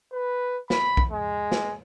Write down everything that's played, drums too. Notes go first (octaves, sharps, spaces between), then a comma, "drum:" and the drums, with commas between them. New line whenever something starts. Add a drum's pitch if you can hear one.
B4
B5, drum: snare
drum: kick
G#3
drum: snare